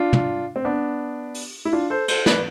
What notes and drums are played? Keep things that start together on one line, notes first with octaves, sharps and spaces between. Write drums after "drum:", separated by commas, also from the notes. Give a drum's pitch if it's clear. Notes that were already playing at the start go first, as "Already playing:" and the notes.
Already playing: D4 F4
drum: tom
C4
B3 D4
drum: open hi-hat
E4
D4 F4
A4 C5
A4 C5, drum: cymbal
B4 D5, drum: snare